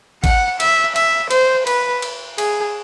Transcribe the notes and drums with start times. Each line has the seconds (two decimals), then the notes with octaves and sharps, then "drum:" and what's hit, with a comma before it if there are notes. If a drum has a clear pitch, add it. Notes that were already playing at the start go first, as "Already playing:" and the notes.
0.24 F#5, drum: kick, cymbal
0.60 E5, drum: cymbal
0.96 E5, drum: cymbal
1.31 C5, drum: cymbal
1.67 B4, drum: cymbal
2.02 drum: cymbal
2.38 G#4, drum: cymbal